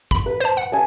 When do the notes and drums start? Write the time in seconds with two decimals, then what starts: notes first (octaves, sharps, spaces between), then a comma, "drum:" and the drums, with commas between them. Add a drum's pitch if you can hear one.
0.11 B5, drum: kick
0.26 B4
0.40 C5 A5
0.57 F#5
0.72 G#5 A5